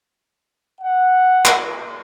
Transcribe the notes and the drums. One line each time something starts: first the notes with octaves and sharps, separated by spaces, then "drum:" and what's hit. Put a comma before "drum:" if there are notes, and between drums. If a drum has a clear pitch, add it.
F#5
drum: clap